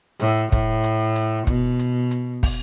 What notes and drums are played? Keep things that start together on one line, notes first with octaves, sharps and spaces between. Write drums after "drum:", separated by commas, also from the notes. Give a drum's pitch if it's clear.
A2, drum: hi-hat
A2, drum: kick, hi-hat
drum: hi-hat
drum: hi-hat
B2, drum: kick, hi-hat
drum: hi-hat
drum: hi-hat
drum: kick, open hi-hat